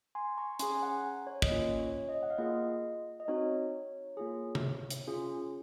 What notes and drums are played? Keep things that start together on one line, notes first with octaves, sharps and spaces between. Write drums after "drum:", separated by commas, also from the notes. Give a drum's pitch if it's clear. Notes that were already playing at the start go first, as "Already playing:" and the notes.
G#5 C6
A#5 C#6
C#4 G#4 G#5 C6, drum: hi-hat
G#5
F#5 A#5
C#5
D#5, drum: kick
A#3 C#4 F4 C#5
C#5
D#5
F#5
F5
A#3 F4 G#4 D#5
D#5
C4 D#4 F#4 C#5
A#3 F4 G#4
drum: tom C3
drum: hi-hat
C#4 F4 G#4